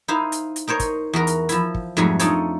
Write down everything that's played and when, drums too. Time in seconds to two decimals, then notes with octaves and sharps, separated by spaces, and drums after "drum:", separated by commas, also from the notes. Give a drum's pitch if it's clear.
0.08 D#4 E4 C5 F5
0.32 drum: hi-hat
0.56 drum: hi-hat
0.68 D#4 A#4 C5 C#5
0.80 drum: kick, hi-hat
1.13 E2 F#4 A#4 A#5
1.27 drum: hi-hat
1.49 F3 E4, drum: hi-hat
1.74 drum: kick
1.97 F2 G#2 F#3 G3 A3 G#5
2.19 D4 D#4 F4 A4 C#5, drum: hi-hat